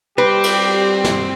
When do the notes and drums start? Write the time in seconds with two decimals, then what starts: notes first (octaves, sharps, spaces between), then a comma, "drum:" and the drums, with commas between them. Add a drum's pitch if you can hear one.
0.18 G3 C4 G4 B4
0.44 drum: cymbal
1.04 drum: snare